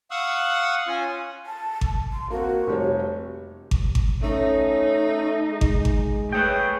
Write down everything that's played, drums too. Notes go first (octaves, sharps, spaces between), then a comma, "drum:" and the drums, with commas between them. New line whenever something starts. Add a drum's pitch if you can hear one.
F5 F#5 C#6 D#6 E6 F#6
C#4 F4 G#5
A5
drum: kick G#1
C6
A#3 C4 F#4
F1 G3 C#5
drum: kick G#1
drum: kick G#1
A3 C#4 D#4
G#3
drum: kick G#1
drum: kick G#1
A3 G#4 B4 C#5 G5